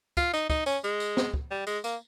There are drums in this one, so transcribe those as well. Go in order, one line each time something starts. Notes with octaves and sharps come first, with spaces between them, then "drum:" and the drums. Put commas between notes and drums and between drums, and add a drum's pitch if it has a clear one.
F4, drum: kick, tambourine
D#4, drum: tambourine
D#4, drum: kick, tambourine
C#4, drum: tambourine
G#3, drum: tambourine
drum: tambourine
drum: snare
drum: kick
G3
G#3, drum: tambourine
A#3, drum: tambourine